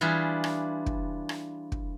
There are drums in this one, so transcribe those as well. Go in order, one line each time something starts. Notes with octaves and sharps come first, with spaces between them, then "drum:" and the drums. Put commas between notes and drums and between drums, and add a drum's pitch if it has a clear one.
E3 G3 D4 F4 G#4
drum: rim click
drum: kick
drum: rim click
drum: kick